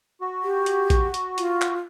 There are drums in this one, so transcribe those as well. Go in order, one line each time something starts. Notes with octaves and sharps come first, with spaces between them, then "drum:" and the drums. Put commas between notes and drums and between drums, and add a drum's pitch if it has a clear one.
F#4
G4
drum: hi-hat
drum: kick, hi-hat
drum: hi-hat
F4, drum: hi-hat
drum: clap